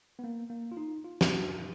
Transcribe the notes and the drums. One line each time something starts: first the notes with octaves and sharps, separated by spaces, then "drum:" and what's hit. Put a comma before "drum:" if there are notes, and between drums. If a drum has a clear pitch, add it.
B3
A#3
A#3
F4
D#4
F4
C#4, drum: snare